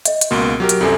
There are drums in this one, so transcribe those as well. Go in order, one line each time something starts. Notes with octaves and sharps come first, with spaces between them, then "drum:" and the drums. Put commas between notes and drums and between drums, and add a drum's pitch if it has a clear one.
D#5 E5, drum: hi-hat
drum: hi-hat
C#2 B2 A#3 F#4
F#3 G4 A#4
drum: hi-hat
C2 F#2 C3 F4 A4 G#5